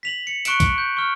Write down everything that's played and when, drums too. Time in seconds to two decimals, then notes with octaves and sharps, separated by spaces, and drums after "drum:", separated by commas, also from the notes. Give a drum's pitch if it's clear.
0.03 B6 F7 F#7
0.27 C#7
0.45 C#6 F#6 C#7 D7 E7, drum: hi-hat
0.60 drum: kick, hi-hat
0.78 G6
0.97 C#6 F6